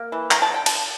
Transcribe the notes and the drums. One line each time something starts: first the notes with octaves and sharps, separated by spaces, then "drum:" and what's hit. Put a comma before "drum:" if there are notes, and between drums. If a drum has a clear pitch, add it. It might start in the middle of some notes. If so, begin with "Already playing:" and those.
Already playing: A#3
E3
D3 A#5, drum: clap
A5
D3 G5
D3 A5, drum: cymbal